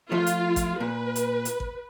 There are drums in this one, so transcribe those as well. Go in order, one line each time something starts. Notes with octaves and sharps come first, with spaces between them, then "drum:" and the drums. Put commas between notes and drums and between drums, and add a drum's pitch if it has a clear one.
F3 A3 F4
drum: hi-hat
drum: kick, hi-hat
A#2 B4
drum: hi-hat
drum: hi-hat
drum: kick